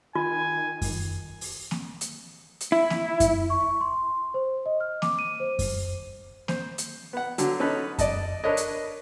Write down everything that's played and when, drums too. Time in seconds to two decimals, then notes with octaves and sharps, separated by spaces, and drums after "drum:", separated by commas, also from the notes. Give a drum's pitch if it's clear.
0.15 D#3 F4 G#5
0.82 drum: kick F#2, open hi-hat
1.41 drum: open hi-hat
1.71 drum: snare A#3
2.01 drum: hi-hat
2.60 drum: hi-hat
2.72 E4
2.90 drum: snare A#3
3.20 drum: kick F#2, hi-hat
3.50 C#6
3.81 C6
4.34 C5
4.66 D#5
4.80 F6
5.02 D6, drum: snare A#3
5.19 D#7
5.40 C5
5.59 drum: kick F#2, open hi-hat
6.48 C5, drum: snare A#3
6.78 drum: hi-hat
7.13 B3 F#5
7.38 D3 F#3, drum: hi-hat
7.60 C#4 D#4 A4 B4
7.98 D5 D#5 A5, drum: kick F#2, hi-hat
8.44 D4 A#4 B4 C#5 D#5
8.57 drum: hi-hat